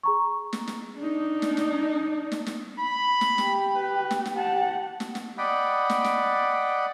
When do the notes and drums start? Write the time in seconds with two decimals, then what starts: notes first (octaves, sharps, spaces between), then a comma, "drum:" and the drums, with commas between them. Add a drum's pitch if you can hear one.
0.03 G#4 A#5 C#6
0.53 drum: snare
0.68 drum: snare
0.97 D4 D#4
1.42 drum: snare
1.57 drum: snare
2.32 drum: snare
2.46 drum: snare
2.79 B5
3.21 drum: snare
3.38 G4, drum: snare
3.76 B4
4.11 drum: snare
4.25 drum: snare
4.36 G4 F#5 A5
5.00 drum: snare
5.15 drum: snare
5.38 D5 D#5 F#5 G5 B5
5.90 drum: snare
6.04 drum: snare